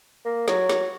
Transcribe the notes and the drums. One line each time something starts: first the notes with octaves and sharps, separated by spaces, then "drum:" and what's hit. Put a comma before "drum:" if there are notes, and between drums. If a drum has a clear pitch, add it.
A#3
F#3, drum: snare
drum: snare